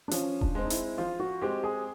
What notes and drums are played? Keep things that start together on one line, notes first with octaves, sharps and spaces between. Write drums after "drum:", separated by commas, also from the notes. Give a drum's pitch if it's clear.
D4
F3 C#4, drum: hi-hat
D4, drum: kick D#1
G#3 C4
D#4
E4, drum: hi-hat
F3 F4
F#4
G#3 C4 G4
G#4